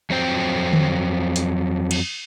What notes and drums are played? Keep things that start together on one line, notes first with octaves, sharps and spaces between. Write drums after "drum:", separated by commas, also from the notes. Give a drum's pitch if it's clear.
F2 F#3 C4 C5 G5
drum: tom D3
drum: hi-hat
drum: cymbal